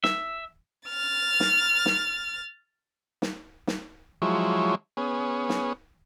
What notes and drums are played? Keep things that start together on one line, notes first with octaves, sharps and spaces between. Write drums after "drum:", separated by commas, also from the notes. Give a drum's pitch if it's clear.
E5, drum: snare
F6 A6
drum: snare
drum: snare
drum: snare
drum: snare
F3 F#3 G#3 E4 C#5
B3 C#4 G#4
drum: snare